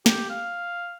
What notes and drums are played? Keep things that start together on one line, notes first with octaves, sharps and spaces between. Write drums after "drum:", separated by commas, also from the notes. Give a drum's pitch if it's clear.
G4, drum: snare
F5